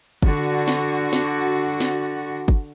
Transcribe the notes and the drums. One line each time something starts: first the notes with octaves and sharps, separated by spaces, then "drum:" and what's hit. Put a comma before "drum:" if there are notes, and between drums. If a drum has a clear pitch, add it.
D3 F#4, drum: kick G1
drum: snare
drum: snare
drum: snare
drum: kick G1